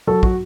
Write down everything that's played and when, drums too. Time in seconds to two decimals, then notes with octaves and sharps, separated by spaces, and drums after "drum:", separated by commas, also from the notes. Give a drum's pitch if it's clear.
0.07 F#3 A4
0.23 F#4, drum: kick